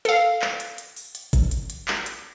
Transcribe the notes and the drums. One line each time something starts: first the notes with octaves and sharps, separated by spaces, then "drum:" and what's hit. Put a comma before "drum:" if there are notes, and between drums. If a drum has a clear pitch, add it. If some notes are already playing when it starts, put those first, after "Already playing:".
A4 F5, drum: hi-hat
drum: clap
drum: hi-hat
drum: hi-hat
drum: open hi-hat
drum: hi-hat
drum: kick G1, hi-hat
drum: hi-hat
drum: hi-hat
drum: clap
drum: hi-hat